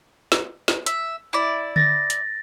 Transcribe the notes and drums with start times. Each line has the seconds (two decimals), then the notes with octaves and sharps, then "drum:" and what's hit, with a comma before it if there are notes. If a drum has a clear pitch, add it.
0.32 drum: snare
0.68 drum: snare
0.86 E5, drum: hi-hat
1.33 E4 D5
1.76 A6 A#6, drum: tom D3
2.10 drum: hi-hat